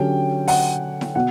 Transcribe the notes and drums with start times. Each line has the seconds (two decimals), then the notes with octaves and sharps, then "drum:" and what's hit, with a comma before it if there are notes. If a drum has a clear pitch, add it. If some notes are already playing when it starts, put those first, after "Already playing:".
Already playing: D3 F#3 C#4 G4 G5
0.48 F#5, drum: open hi-hat
1.01 drum: snare E4
1.15 B2 F#5